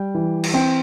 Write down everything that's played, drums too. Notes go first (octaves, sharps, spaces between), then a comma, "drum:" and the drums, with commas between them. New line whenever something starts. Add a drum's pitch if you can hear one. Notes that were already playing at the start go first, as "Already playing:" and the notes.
Already playing: G3 G5
E3
drum: cymbal
C4 G5